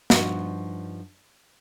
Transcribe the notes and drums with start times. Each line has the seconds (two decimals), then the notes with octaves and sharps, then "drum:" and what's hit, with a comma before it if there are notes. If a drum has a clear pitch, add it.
0.10 G2 F3 D#4 F#4, drum: snare